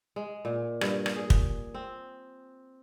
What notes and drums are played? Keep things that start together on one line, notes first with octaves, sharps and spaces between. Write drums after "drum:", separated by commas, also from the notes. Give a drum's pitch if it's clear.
G#3
A#2
G2, drum: rim click
drum: rim click
G#4
drum: kick
C4